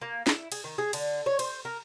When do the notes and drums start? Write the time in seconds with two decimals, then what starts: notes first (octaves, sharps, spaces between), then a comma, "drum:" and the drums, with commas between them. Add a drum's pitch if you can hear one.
0.02 A#3
0.27 E4, drum: snare
0.52 G#4, drum: cymbal
0.64 D#3
0.78 G#4
0.93 D3, drum: cymbal
1.26 C#5
1.39 C5, drum: cymbal
1.65 A#4